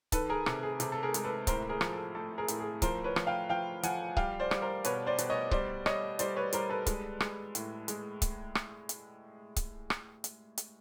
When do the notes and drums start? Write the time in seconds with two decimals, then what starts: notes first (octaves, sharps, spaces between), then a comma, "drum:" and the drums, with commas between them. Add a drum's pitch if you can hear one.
0.12 D#3 A4 B4, drum: kick C#1, hi-hat
0.29 G#4 A#4
0.46 C3 A4, drum: rim click
0.63 G#4
0.80 C3 A4, drum: hi-hat
0.92 A4
1.03 G#4 A#4
1.14 G#3, drum: hi-hat
1.25 A4 B4
1.47 A2 A#4 C5, drum: kick C#1, hi-hat
1.69 G#4 A#4
1.81 F3, drum: rim click
1.93 A4
2.15 A3 A4
2.38 G#4 A#4
2.48 A2, drum: hi-hat
2.60 G#4
2.82 F3 A#4 C5, drum: kick C#1, hi-hat
3.04 B4 C#5
3.16 F3, drum: rim click
3.27 F5 G5
3.49 F3 F5 G5
3.83 F3 F#5 G#5, drum: hi-hat
4.17 G3 F5 G5, drum: kick C#1
4.40 C5 D5
4.51 G3, drum: rim click
4.62 A#4 C5
4.84 B2 B4 C#5, drum: hi-hat
5.06 C5 D5
5.18 B2, drum: hi-hat
5.30 C#5 D#5
5.51 G3 C5 D5, drum: kick C#1
5.86 G3 C#5 D#5, drum: rim click
6.19 G3 C5 D5, drum: hi-hat
6.36 B4 C#5
6.53 G3 A#4 C5, drum: hi-hat
6.70 A4 B4
6.86 G#3, drum: kick C#1, hi-hat
7.20 G#3, drum: rim click
7.55 A2, drum: hi-hat
7.88 G#3, drum: hi-hat
8.22 drum: kick C#1, hi-hat
8.55 drum: rim click
8.89 drum: hi-hat
9.56 drum: kick C#1, hi-hat
9.90 drum: rim click
10.24 drum: hi-hat
10.58 drum: hi-hat